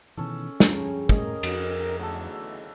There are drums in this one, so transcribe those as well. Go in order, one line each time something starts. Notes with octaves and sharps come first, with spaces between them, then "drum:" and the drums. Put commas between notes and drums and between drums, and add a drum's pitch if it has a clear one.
B2 D#3 E3 C#4 A4
G2 C#3 F3 C#4 G5 A#5, drum: snare
A2 G#4 A#4 D#5 G#5, drum: kick
F2, drum: cymbal
E2 D3 F#3 A3 A4